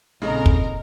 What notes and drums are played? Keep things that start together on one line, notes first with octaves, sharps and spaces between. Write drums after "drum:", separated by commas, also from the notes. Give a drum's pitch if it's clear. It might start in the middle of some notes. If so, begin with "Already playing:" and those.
A#1 C#3 G#3 C4 D#4 A4 A#4 A#5
drum: kick